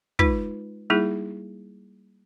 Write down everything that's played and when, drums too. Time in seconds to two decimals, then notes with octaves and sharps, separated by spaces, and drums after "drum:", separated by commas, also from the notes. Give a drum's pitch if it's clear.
0.19 G#3 D#4 F4 B4, drum: kick
0.90 G3 A#3 D#4 E4 G#4